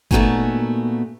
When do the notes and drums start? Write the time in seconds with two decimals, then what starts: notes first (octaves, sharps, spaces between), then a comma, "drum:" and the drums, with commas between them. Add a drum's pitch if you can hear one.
0.11 A#2 A3 B3 D#4 F#4 G#5, drum: kick G1